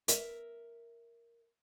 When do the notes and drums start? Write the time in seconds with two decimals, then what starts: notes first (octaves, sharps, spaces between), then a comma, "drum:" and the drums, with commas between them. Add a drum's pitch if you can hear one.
0.08 A#4 E5, drum: hi-hat